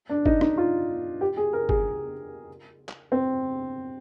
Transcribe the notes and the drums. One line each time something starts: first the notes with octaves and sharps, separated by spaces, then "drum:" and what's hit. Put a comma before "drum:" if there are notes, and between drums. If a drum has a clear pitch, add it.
D4
D#4, drum: kick G1
D#4, drum: rim click
F4
G4
G#4
A#4
G#4, drum: kick G1
drum: clap
C4